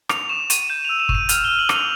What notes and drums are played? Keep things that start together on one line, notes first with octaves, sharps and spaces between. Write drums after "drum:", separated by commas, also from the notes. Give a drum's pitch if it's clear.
C#6 F7, drum: rim click
C#6 E7
C#6 D#7, drum: hi-hat
G6 E7
E6 F7
E7
C#6, drum: kick
D#7
F6 F7, drum: hi-hat
F6 G7
F#7
C#6, drum: rim click
F7